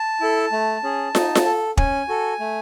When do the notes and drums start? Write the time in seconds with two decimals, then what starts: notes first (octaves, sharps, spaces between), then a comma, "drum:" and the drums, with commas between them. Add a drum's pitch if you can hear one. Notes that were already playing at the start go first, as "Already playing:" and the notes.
Already playing: A5
0.20 E4 A4
0.52 A3
0.83 C#4 G#4
1.15 D#4, drum: snare
1.35 drum: snare
1.46 A4
1.77 C#4 G#5, drum: kick
2.08 F#4 A4
2.40 A3